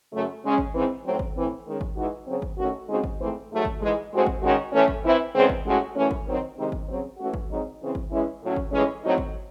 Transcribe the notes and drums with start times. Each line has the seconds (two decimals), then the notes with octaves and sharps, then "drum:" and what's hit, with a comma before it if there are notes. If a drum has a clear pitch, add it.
0.12 F#2 C#3 F#3 A3
0.43 C#3 G#3 C#4
0.58 drum: kick G#1
0.73 G#2 E3 C4
1.04 A2 F#3 A3 C4
1.19 drum: kick G#1
1.35 A2 E3 C4
1.65 D#3 G#3 C#4
1.81 drum: kick G#1
1.96 E3 G#3 D#4 F#4
2.27 C#3 F#3 C4
2.42 drum: kick G#1
2.58 D#3 A3 C#4 F#4
2.88 C#3 G#3 C4 D#4 F#4
3.04 drum: kick G#1
3.19 G#2 E3 A3 C4
3.50 G#2 F#3 A3
3.65 drum: kick G#1
3.81 G#2 E3 G#3
4.11 A2 G#3 C4 F#4
4.26 drum: kick G#1
4.42 D#3 G#3 C#4 F#4
4.72 A2 E3 A3 C#4
4.88 drum: kick G#1
5.03 E3 C4 E4
5.34 E2 C#3 G#3 C4
5.49 drum: kick G#1
5.65 A2 G#3 C#4 F#4
5.95 F#2 E3 A3 C#4
6.11 drum: kick G#1
6.26 D#3 F#3 C4 D#4
6.57 C3 D#3 G#3 C4 D#4
6.72 drum: kick G#1
6.87 C#3 F#3 C4
7.18 E3 A3 C#4 F#4
7.34 drum: kick G#1
7.49 G#2 F#3 C4 D#4
7.80 C#3 E3 C4
7.95 drum: kick G#1
8.10 E3 G#3 C#4 E4
8.41 A2 F#3 C#4
8.56 drum: kick G#1
8.72 A2 E3 G#3 C#4
9.03 A2 F#3 C4 D#4 F#4
9.18 drum: kick G#1